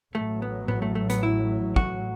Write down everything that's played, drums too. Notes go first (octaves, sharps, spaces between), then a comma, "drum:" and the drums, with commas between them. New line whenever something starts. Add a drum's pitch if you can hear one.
A1 A2 F#3 A3
B3
B3, drum: tom A2
A3
A3
B3, drum: hi-hat
E4
F#4, drum: kick